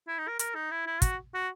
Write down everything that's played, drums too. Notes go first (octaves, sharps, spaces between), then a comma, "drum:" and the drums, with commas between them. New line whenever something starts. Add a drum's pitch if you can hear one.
E4
D#4
A#4
A#4, drum: hi-hat
D#4
E4
E4
F#4, drum: kick, hi-hat
F#4